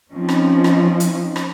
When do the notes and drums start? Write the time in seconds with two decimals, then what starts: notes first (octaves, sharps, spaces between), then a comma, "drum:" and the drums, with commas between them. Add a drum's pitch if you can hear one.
0.11 F3 C4 C#4 D#4
0.29 drum: rim click
0.64 drum: rim click
1.00 drum: hi-hat
1.36 drum: rim click